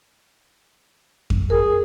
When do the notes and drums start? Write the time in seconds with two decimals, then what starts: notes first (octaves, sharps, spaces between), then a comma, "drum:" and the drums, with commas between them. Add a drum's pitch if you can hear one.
1.30 drum: kick F2
1.50 G#4 A#4